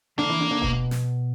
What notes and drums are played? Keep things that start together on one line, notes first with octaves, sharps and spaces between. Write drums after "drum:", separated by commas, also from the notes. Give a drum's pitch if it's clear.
D3 A#3 D4
E3 E4
D3 D4
D3 D4
B2 B3, drum: kick D#1
drum: snare